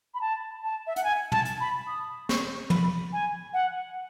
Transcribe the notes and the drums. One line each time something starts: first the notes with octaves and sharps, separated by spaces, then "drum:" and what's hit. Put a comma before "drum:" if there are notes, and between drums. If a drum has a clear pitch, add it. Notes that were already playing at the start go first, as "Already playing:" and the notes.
B5
A5
A5
E5
F#5, drum: hi-hat
G#5
A5, drum: tom
drum: hi-hat
B5
D#6
C#6, drum: snare
B5, drum: tom
G#5
F#5